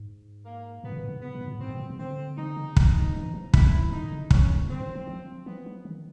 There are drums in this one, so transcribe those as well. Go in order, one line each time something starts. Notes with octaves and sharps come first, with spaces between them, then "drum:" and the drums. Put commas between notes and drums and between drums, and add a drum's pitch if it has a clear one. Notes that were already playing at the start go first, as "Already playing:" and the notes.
Already playing: G#2
A#3
G#2 B3
A#2
A2
C#3
B3
A#2
G#2
A2
G#2 C4
B2
A#2
C3
D3 C4
D3 D#4
C#3
C3, drum: kick
C#3
D#3
E3
F3
F#3 E4, drum: kick
F3
D3
D#3
D3 D#4
C#3
D3 C#4, drum: kick
E3
D#3
C#3
D3 C4
D#3
F3
F3
F3 B3
F3
D#3